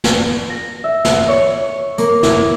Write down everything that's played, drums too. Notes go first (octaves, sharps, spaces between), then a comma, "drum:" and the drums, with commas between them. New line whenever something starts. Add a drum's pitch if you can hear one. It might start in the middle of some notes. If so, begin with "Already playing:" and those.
drum: snare
A#6
E5
drum: snare
C#5
A#3, drum: hi-hat
E4, drum: snare